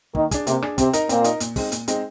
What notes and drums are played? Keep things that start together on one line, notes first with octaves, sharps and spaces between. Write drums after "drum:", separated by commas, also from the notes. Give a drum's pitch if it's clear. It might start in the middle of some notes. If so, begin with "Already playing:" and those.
D#3 A#3, drum: kick
D4 G#4, drum: kick, hi-hat
C3 A#3, drum: hi-hat
D4 G#4, drum: rim click
C3 C4, drum: kick, hi-hat
D#4 A#4 D#5, drum: hi-hat
A#2 C4, drum: hi-hat
D#4 A#4 D#5, drum: hi-hat
A#2, drum: hi-hat
G#3 C4 D#4, drum: kick, open hi-hat
A#2, drum: hi-hat
G#3 C4 D#4, drum: hi-hat